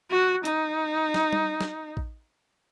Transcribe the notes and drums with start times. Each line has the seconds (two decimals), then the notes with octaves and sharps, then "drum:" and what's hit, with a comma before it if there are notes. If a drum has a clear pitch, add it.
0.11 F#4
0.45 D#4, drum: hi-hat
1.14 drum: snare
1.33 drum: tom G3
1.61 drum: snare
1.97 drum: kick A1